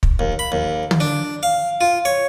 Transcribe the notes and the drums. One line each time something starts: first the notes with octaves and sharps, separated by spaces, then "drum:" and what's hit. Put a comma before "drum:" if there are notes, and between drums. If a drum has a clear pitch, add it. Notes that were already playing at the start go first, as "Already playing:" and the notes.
drum: kick
D#2
B5
D#2
drum: tom
D4
F5
F4
C#5